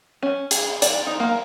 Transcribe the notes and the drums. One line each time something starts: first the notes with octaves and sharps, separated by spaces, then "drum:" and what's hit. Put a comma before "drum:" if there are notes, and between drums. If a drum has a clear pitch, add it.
C#4
G#4, drum: hi-hat
D5, drum: hi-hat
D#4
A#3